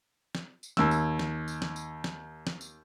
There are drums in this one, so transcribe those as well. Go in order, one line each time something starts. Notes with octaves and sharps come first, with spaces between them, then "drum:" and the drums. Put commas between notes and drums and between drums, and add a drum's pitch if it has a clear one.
drum: snare
drum: tambourine
D#2 E6, drum: snare
drum: tambourine
drum: snare
drum: tambourine
drum: snare
drum: tambourine
drum: snare
drum: snare
drum: tambourine